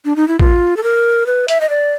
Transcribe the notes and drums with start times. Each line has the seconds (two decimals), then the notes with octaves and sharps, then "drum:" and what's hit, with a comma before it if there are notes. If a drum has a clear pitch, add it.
0.05 D4
0.16 D#4
0.28 E4
0.39 F4, drum: kick
0.77 A4
0.83 A#4
1.27 B4
1.48 E5, drum: hi-hat
1.61 D#5
1.70 D5